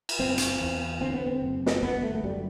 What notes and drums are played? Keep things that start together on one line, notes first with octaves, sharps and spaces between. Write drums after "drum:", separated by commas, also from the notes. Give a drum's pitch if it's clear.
drum: cymbal
F#1 C4
drum: hi-hat
E2
D3 C4
B3
C4
F#1
drum: snare
G1 B3
A3
A3
F#2 G3